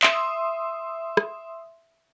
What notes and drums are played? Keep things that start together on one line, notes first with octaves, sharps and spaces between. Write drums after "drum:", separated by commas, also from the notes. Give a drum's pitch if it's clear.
E5 C6 D#6 E6, drum: clap
drum: rim click